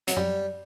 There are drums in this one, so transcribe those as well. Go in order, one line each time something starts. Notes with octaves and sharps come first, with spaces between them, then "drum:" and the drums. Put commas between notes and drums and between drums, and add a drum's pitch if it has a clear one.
F#3, drum: hi-hat
F#2 G3